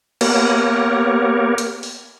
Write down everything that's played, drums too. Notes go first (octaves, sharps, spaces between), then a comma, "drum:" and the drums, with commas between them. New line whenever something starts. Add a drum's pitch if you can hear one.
A#3 B3 G4 A#4 C#5, drum: cymbal
drum: hi-hat
drum: open hi-hat